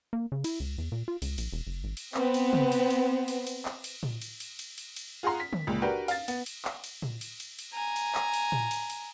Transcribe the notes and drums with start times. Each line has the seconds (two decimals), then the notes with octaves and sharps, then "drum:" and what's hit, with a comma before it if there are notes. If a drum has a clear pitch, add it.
0.13 A#3
0.32 C#3
0.44 E4, drum: cymbal
0.60 C#2
0.78 E2
0.92 A#2
1.08 F4
1.22 C#2, drum: cymbal
1.38 A#1, drum: cymbal
1.53 E1
1.67 F#1
1.84 G#1
1.97 drum: cymbal
2.14 B3 C4, drum: clap
2.34 drum: cymbal
2.53 drum: tom
2.72 drum: cymbal
2.90 drum: cymbal
3.28 drum: cymbal
3.47 drum: cymbal
3.65 drum: clap
3.84 drum: cymbal
4.03 drum: tom A2
4.22 drum: cymbal
4.40 drum: cymbal
4.59 drum: cymbal
4.78 drum: cymbal
4.96 drum: cymbal
5.23 F4 G#4 F#5 A#5 C6
5.40 B6
5.53 drum: tom
5.67 C#2 A#2
5.82 D4 F#4 G4 A#4 B4 G5
6.08 F5 A6, drum: cymbal
6.28 B3, drum: cymbal
6.46 drum: cymbal
6.65 drum: clap
6.84 drum: cymbal
7.02 drum: tom A2
7.21 drum: cymbal
7.40 drum: cymbal
7.59 drum: cymbal
7.74 G#5 A#5
7.96 drum: cymbal
8.15 drum: clap
8.34 drum: cymbal
8.52 drum: tom A2
8.71 drum: cymbal
8.90 drum: cymbal